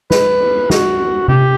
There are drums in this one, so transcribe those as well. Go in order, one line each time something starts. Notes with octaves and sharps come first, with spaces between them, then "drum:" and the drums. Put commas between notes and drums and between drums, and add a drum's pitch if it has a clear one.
B4, drum: snare
drum: cymbal
F#4, drum: snare
drum: cymbal
G4, drum: tom C3